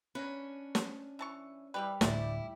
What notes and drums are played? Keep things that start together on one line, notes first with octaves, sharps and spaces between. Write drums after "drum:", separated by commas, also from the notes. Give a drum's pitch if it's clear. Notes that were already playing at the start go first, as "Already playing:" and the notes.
F#3 C#4 D4 B4
drum: snare
E3 A5 C#6
E3 G3 G4 B4
D1 D2 A2 G#3 E4 A#4 D5, drum: snare